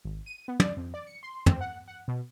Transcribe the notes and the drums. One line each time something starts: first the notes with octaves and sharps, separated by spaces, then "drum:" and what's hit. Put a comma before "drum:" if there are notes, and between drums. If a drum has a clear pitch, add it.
G#1
D#7
B3
D5, drum: tom
F2
D5
C#7
C6
C4, drum: tom
F#5
F#5
B2